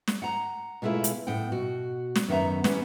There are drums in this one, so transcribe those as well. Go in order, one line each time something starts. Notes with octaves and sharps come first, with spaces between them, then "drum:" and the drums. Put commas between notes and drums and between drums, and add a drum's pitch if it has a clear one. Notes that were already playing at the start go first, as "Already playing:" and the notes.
drum: snare
F#5 A#5
B2 G#3 A3 B3 E4 F4
drum: hi-hat
A2 B3 F#5 G5
B2 F#4
drum: snare
F#2 D#3 B3 E5 A#5
B3 C#4 E4 G4, drum: snare